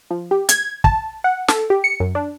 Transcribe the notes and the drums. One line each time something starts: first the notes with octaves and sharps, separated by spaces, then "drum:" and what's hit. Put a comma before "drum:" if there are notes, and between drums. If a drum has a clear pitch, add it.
F3
G4
G#6, drum: hi-hat
A5, drum: kick
F#5
A4, drum: snare
G4
C#7
F#2
D4